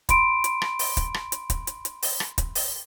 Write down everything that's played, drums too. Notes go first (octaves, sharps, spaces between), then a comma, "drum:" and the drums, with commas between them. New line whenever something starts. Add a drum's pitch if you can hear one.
B5 C6 D7, drum: kick, hi-hat
drum: hi-hat
drum: rim click
drum: open hi-hat
drum: kick, hi-hat
drum: rim click
drum: hi-hat
drum: kick, hi-hat
drum: hi-hat
drum: hi-hat
drum: open hi-hat
drum: rim click
drum: kick, hi-hat
drum: open hi-hat